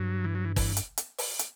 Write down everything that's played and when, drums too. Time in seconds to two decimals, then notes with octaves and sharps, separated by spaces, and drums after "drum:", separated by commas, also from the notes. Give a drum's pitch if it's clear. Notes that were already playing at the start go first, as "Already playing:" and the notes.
Already playing: G2 F#3
0.24 E3
0.35 F#3
0.45 E3
0.56 E3, drum: kick, open hi-hat
0.77 drum: hi-hat
0.98 drum: hi-hat
1.18 drum: open hi-hat
1.39 drum: hi-hat